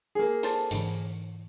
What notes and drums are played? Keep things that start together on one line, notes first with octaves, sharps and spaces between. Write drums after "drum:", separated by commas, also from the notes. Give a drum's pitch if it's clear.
A#3 G#4
A4 C5 A5, drum: hi-hat
G#2 D3 E3, drum: hi-hat